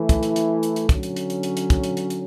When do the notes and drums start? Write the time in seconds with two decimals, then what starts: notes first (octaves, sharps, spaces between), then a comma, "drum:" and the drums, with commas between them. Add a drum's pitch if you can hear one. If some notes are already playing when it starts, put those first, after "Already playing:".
Already playing: E3 A3 E4
0.09 drum: kick, hi-hat
0.23 drum: hi-hat
0.36 drum: hi-hat
0.63 drum: hi-hat
0.76 drum: hi-hat
0.89 D3 F#3 C#4, drum: kick, hi-hat
1.03 drum: hi-hat
1.16 drum: hi-hat
1.30 drum: hi-hat
1.43 drum: hi-hat
1.57 drum: hi-hat
1.70 drum: kick, hi-hat
1.84 drum: hi-hat
1.97 drum: hi-hat
2.10 drum: hi-hat